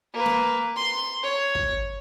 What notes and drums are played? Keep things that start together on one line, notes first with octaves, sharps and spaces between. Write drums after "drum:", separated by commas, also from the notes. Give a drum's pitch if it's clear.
A#3 B4
drum: snare
C6
C#5
drum: kick